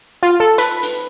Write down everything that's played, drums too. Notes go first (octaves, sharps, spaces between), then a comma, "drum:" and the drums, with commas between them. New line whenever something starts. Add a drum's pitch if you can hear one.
F4
A4
B4, drum: hi-hat
drum: hi-hat